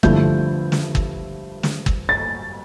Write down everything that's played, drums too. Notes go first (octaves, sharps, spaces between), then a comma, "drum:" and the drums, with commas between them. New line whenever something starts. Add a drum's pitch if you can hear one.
G2 D3 F3 A3 E4 G6, drum: kick
drum: snare
drum: kick
drum: snare
drum: kick
A6